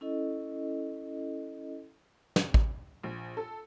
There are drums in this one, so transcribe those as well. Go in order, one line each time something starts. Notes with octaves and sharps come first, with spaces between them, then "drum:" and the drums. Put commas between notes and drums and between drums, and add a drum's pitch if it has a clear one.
C#4 E4 A4 D#5
drum: snare
drum: kick
A#1
A4